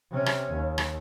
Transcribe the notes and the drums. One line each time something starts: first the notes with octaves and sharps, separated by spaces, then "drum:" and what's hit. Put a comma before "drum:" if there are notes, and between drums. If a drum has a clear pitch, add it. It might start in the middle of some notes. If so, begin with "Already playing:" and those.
C3 C#4
drum: rim click
D#2
drum: rim click